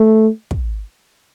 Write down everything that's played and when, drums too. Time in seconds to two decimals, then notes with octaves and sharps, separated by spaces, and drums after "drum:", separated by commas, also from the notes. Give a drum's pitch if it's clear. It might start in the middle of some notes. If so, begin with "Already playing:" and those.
Already playing: A3
0.51 drum: kick